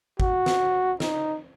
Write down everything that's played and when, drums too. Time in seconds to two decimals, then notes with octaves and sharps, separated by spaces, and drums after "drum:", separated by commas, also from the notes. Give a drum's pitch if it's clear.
0.20 F#4, drum: kick G#1
0.46 drum: snare
1.00 D#4, drum: snare